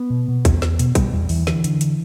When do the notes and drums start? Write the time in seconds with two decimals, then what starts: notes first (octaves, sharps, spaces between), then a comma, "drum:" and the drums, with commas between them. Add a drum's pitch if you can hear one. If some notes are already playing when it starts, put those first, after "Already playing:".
Already playing: B3
0.10 B2
0.28 B2
0.45 E2, drum: kick, hi-hat
0.62 E2, drum: snare
0.79 B2, drum: hi-hat
0.95 B2 G3, drum: kick, hi-hat
1.13 E2 G3
1.29 E2 E3, drum: open hi-hat
1.47 D3 E3, drum: snare
1.64 D3, drum: hi-hat
1.81 drum: hi-hat